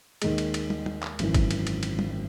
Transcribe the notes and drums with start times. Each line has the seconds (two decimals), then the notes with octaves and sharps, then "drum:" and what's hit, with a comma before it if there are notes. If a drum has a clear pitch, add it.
0.22 D#2 D#3 G#3, drum: cymbal
0.38 drum: cymbal
0.54 drum: cymbal
0.70 drum: tom
0.86 drum: tom
1.02 drum: clap
1.19 G#1 F#2 E3, drum: cymbal
1.34 drum: kick, cymbal
1.51 drum: cymbal
1.67 drum: cymbal
1.83 drum: cymbal
1.99 drum: tom